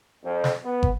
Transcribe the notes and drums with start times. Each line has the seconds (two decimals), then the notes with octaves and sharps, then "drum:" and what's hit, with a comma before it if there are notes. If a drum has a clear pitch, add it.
0.24 F2
0.44 drum: snare
0.65 B3
0.83 drum: kick